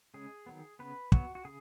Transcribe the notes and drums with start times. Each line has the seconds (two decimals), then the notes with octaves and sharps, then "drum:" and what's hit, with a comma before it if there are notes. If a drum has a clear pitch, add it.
0.14 C#3 G#3 C#4 G#4
0.46 D#3 F#3 B3
0.79 C#3 B3 B4
1.12 F#3 B3 F#4, drum: kick
1.35 F#4
1.45 C#3 G#4